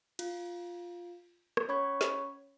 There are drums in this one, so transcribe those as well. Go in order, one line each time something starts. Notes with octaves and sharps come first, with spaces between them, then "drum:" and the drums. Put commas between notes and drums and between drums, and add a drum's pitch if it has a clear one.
F4, drum: cymbal
drum: rim click
C#4 C#5 B5 C#6 G#6
drum: snare